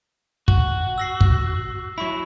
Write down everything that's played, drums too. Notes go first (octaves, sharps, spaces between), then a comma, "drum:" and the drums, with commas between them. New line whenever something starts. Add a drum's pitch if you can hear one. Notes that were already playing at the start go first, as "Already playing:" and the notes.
F#4, drum: kick
E6 A#6 C7
drum: kick
F#3 E4 B5 C#6